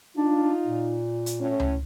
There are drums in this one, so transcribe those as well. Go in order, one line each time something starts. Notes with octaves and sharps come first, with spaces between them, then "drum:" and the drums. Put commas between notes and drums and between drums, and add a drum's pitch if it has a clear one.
D4 D#4 F4
A#2
drum: hi-hat
A2 C#4
drum: tom C#2